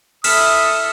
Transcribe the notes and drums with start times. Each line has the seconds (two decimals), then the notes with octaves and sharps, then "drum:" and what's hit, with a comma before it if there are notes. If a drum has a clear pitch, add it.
0.24 E4 A4 D#6 F6 B6 E7, drum: cymbal